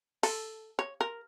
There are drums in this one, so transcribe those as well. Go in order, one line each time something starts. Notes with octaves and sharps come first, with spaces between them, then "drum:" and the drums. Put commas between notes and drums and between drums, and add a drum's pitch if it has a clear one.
A4, drum: open hi-hat
C#5
A#4